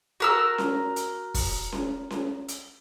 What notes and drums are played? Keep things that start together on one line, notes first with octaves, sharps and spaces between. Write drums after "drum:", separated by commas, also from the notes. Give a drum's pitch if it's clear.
F#4 A#4 E6
drum: snare C#4
drum: hi-hat
drum: kick, open hi-hat
drum: snare C#4
drum: snare C#4
drum: hi-hat